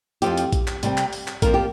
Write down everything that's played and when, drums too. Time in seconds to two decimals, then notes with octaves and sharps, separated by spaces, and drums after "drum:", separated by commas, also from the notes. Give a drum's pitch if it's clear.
0.22 F2 F3 C4 G4, drum: hi-hat
0.37 drum: hi-hat
0.53 drum: kick A#1, hi-hat
0.68 drum: clap
0.83 C3 G3 C4, drum: hi-hat
0.98 drum: clap
1.13 drum: open hi-hat
1.28 drum: clap
1.42 F2 F3 A#3 A#4, drum: kick A#1, hi-hat
1.54 G4